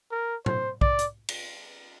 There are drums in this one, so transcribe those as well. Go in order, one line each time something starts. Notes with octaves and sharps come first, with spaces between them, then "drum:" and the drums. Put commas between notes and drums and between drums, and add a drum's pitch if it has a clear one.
A#4
C5, drum: tom A#2
D5, drum: kick
drum: hi-hat
drum: cymbal